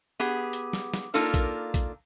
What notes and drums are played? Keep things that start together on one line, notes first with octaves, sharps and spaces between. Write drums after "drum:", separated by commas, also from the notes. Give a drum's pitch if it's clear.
B3 G4 G#4
drum: hi-hat
drum: snare
drum: snare
A#3 D4 D#4 F4 A4 A#4
drum: kick A#1, hi-hat
drum: kick A#1, hi-hat